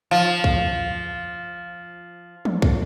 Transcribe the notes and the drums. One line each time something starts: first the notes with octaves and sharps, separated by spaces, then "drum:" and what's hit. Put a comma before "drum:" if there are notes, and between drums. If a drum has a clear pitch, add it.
F3 F5
drum: kick
drum: tom
drum: kick